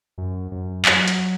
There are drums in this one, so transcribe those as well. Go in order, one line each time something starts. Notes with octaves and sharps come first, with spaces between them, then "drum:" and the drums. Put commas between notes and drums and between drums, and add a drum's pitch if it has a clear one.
F#2
F#2
F#3, drum: clap
drum: hi-hat